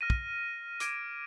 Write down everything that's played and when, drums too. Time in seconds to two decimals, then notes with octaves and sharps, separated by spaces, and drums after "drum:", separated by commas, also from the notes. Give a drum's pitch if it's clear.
0.01 F6 A#6 D#7
0.10 drum: kick
0.80 D6 G#6 D7, drum: hi-hat